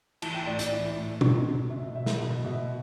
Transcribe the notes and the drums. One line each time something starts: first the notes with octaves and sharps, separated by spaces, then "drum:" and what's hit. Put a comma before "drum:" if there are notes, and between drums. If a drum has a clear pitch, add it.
E3 A5, drum: cymbal
G5
A2 D5
D5, drum: hi-hat
E3
A2
B2, drum: tom
B2
B2 E5
B2 E5
drum: snare
B2
B2 E5